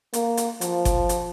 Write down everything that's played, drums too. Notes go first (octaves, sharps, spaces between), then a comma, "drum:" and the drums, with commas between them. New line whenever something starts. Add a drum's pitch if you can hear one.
A#3, drum: hi-hat
drum: hi-hat
F3, drum: hi-hat
drum: kick G1, hi-hat
drum: hi-hat